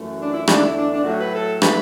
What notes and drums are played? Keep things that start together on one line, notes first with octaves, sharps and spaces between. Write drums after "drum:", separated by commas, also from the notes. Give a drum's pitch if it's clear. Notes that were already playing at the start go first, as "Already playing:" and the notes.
Already playing: F#2 E3 A3
D4
E4
E2 D3 A3 D4, drum: rim click
E4
D4
D4
A2 F#3 A3 F#4
B4
A4
D3 F#3 A3 B4, drum: rim click